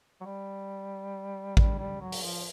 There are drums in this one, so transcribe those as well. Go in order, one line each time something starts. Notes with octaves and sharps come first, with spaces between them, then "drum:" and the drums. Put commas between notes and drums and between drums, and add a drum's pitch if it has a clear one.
F#3
G3
G3, drum: kick A1
G3
F#3
drum: open hi-hat
F3